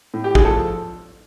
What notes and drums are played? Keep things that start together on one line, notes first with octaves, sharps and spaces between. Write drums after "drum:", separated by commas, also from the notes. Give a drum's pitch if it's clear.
A2
G4
G#4, drum: kick
F3 A4